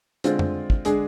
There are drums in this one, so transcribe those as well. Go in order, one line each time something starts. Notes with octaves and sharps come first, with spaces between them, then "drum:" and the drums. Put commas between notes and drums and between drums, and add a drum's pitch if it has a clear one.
D3 G#3 C4 F4, drum: hi-hat
drum: tom F2
drum: kick
D3 G#3 D4 G#4, drum: hi-hat